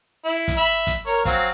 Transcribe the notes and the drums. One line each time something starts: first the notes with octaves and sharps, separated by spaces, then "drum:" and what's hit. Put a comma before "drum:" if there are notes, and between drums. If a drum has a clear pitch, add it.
E4
drum: kick, hi-hat
E5 B5
drum: kick, hi-hat
A#4 C#5
F#3 C4 F5, drum: kick, hi-hat